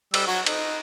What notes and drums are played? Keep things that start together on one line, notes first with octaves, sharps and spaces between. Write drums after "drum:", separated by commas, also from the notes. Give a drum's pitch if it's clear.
G3 E6, drum: cymbal
F#3 F#4
D#4, drum: cymbal